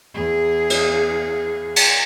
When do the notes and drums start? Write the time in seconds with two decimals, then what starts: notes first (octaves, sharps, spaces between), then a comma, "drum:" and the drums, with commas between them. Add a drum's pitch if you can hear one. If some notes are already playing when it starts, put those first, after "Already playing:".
0.14 E2 G#4
0.70 drum: cymbal
1.76 drum: cymbal